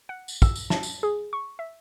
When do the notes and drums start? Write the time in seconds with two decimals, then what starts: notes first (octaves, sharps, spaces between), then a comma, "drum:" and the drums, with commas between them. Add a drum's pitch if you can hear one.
0.09 F#5
0.28 drum: tambourine
0.42 E6, drum: kick, tambourine
0.56 drum: tambourine
0.70 A5, drum: snare
0.83 drum: tambourine
1.03 G#4
1.33 C#6
1.59 E5